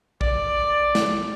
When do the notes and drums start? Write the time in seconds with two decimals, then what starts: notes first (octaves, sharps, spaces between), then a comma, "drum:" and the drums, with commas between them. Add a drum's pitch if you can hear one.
0.21 D5, drum: kick A#1
0.95 drum: snare